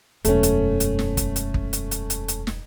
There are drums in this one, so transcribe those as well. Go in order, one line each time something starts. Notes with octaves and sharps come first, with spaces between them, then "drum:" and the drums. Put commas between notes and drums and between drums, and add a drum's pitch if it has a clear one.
E1 F#2 A3 C#4, drum: hi-hat
drum: hi-hat
drum: hi-hat
drum: snare
drum: kick, hi-hat
drum: hi-hat
drum: kick
drum: hi-hat
drum: hi-hat
drum: hi-hat
drum: hi-hat
drum: snare